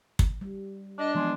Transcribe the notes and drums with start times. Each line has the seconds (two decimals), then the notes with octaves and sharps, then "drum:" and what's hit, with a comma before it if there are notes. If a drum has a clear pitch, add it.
0.19 drum: kick
0.41 G3
0.98 D4 D#5
1.15 E3 F3 G#3 B3